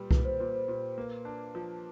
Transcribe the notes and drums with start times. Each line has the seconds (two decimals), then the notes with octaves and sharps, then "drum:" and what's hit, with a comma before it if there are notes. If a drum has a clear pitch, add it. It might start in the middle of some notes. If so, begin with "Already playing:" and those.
Already playing: A#2 G3 B4
0.11 A#2 B4, drum: kick C2
0.25 C5
0.38 A#2 B4
0.54 C5
0.68 A#2
0.97 A#3 B4
1.25 D4
1.55 F3